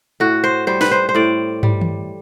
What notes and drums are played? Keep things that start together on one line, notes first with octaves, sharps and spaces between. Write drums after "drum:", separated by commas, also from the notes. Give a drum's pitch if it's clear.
A2 F#4
C5
G3 C5
B4, drum: snare
C5
C5
A2 D5
G3, drum: tom
drum: tom D#3